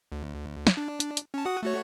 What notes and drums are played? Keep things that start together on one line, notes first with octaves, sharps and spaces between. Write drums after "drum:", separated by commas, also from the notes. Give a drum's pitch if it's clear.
D2
drum: snare
D4
drum: hi-hat
drum: hi-hat
C#4 A5
F#4 F#5 D#6
A3 F#4 C#5